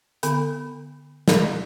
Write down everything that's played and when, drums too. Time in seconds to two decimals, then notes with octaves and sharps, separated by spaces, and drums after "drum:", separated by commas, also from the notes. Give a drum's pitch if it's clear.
0.23 D3 B3, drum: hi-hat
1.28 drum: snare